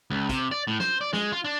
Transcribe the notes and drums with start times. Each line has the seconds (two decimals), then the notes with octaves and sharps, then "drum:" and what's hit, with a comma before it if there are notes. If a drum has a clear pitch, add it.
0.10 C#2
0.29 C3, drum: kick, hi-hat
0.51 D5
0.67 A2
0.80 C5, drum: snare
1.01 D5
1.13 G#3, drum: snare
1.32 F4
1.45 D4